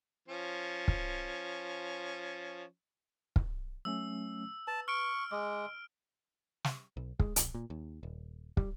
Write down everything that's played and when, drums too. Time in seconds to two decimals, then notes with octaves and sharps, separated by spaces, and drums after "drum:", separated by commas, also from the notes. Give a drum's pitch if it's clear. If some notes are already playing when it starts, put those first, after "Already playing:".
0.28 F3 C#4
0.88 drum: kick
3.36 drum: kick
3.85 F#3 A3 C#4 E6
4.67 B4 A5
4.88 C#6 F6 D7
5.31 G#3 D6 D#6
6.64 drum: snare
6.97 B1
7.20 G#3, drum: kick
7.36 A#1, drum: hi-hat
7.54 A#2
7.70 D#2
8.03 D#1
8.57 G3, drum: kick